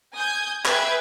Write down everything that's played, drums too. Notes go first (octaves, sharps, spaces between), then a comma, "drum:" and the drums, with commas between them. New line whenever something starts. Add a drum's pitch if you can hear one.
G#5 D#6 G6 G#6
G#4 B4 E5 G5 G#6, drum: clap